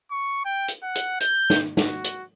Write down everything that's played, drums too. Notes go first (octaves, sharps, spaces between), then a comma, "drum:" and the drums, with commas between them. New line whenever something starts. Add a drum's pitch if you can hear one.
C#6
G5
drum: hi-hat
F#5
drum: hi-hat
G6, drum: hi-hat
drum: snare
F#4, drum: snare
drum: hi-hat